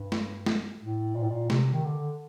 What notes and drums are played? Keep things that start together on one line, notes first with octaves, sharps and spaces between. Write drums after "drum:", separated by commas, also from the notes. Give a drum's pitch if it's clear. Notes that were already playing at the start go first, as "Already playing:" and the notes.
Already playing: G2
drum: snare A3
drum: snare A3
A2
A#2
A2
A#2
C3, drum: snare A3
D#3
D3